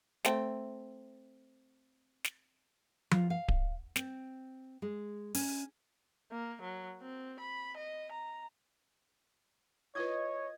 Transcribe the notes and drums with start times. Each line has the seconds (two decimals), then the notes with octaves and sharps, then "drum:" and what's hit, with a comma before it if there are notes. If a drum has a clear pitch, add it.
0.25 A3 C4, drum: snare
2.24 drum: snare
3.11 F4, drum: tom F3
3.30 F5
3.48 drum: kick D1
3.96 C4, drum: snare
4.82 G#3
5.35 C#4, drum: open hi-hat
6.31 A#3
6.62 F#3
7.01 C4
7.40 B5
7.76 D#5
8.12 A#5
9.95 E4 F4 B4 C#5 D#5 D#6 G#6